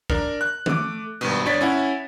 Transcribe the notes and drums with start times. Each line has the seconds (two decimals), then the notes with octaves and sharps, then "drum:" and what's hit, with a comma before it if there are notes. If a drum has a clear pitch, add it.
0.10 D4 A#4, drum: kick
0.41 F#6
0.66 A3 D6, drum: tom D#3
1.21 G#1 G2 B2, drum: cymbal
1.45 G1 D4 C#5 D5 A6 B6
1.61 C#4 E4 F#5